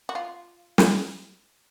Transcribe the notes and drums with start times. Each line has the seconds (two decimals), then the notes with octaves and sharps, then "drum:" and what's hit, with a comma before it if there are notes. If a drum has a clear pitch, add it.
0.09 F#4
0.15 F4
0.78 drum: snare